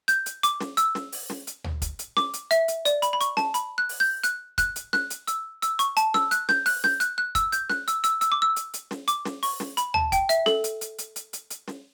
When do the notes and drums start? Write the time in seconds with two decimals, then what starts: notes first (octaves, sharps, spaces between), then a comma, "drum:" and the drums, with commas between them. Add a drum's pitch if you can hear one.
0.08 G6, drum: hi-hat
0.26 drum: hi-hat
0.43 D6, drum: hi-hat
0.60 drum: snare
0.77 E6, drum: hi-hat
0.95 drum: snare
1.12 drum: open hi-hat
1.30 drum: snare
1.47 drum: hi-hat
1.64 drum: tom
1.82 drum: kick, hi-hat
1.99 drum: hi-hat
2.17 D6, drum: snare
2.33 drum: hi-hat
2.51 E5, drum: hi-hat
2.68 drum: hi-hat
2.85 D5, drum: hi-hat
3.02 B5, drum: hi-hat
3.13 B5
3.21 C#6, drum: hi-hat
3.37 A5, drum: snare
3.54 B5, drum: hi-hat
3.78 F#6
3.89 drum: open hi-hat
4.00 G6
4.24 F#6, drum: hi-hat
4.58 F#6, drum: kick, hi-hat
4.76 drum: hi-hat
4.93 F#6, drum: snare
5.10 drum: hi-hat
5.27 E6, drum: hi-hat
5.62 E6, drum: hi-hat
5.79 C#6, drum: hi-hat
5.97 A5, drum: hi-hat
6.14 E6, drum: snare
6.31 F#6, drum: hi-hat
6.49 G6, drum: snare
6.66 F#6, drum: open hi-hat
6.84 G6, drum: snare
7.00 F#6, drum: hi-hat
7.18 F#6
7.35 E6, drum: kick, hi-hat
7.52 G6, drum: hi-hat
7.70 F#6, drum: snare
7.88 E6, drum: hi-hat
8.04 E6, drum: hi-hat
8.21 E6, drum: hi-hat
8.32 D6
8.42 E6
8.56 drum: hi-hat
8.74 drum: hi-hat
8.91 drum: snare
9.08 D6, drum: hi-hat
9.25 drum: snare
9.43 C#6, drum: open hi-hat
9.60 drum: snare
9.77 B5, drum: hi-hat
9.94 A5, drum: tom
10.12 G5, drum: kick, hi-hat
10.29 E5, drum: hi-hat
10.46 A4, drum: snare
10.64 drum: hi-hat
10.81 drum: hi-hat
10.98 drum: hi-hat
11.16 drum: hi-hat
11.33 drum: hi-hat
11.50 drum: hi-hat
11.68 drum: snare